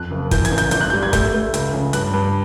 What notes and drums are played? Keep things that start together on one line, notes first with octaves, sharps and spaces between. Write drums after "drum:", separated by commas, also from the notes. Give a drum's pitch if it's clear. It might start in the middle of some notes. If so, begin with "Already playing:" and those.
Already playing: F2 F#6
F#1
E3 G6, drum: kick, hi-hat
G#6, drum: hi-hat
A1
G6, drum: hi-hat
G1 G6, drum: hi-hat
F#6
G3 G6
G#6
A3 G6, drum: kick, hi-hat
A3
C#2, drum: hi-hat
C#3
G2 F#6, drum: hi-hat
G2